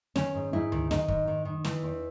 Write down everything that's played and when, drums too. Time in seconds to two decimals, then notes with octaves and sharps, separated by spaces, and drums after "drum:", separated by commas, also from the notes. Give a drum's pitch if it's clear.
0.16 D#3 C#4, drum: snare
0.34 G#2
0.53 G#2 E4
0.72 D#3, drum: tom D2
0.91 D#3 D#4, drum: snare
1.08 G#2, drum: kick
1.28 D#3
1.45 D#3
1.64 E3, drum: snare
1.83 E2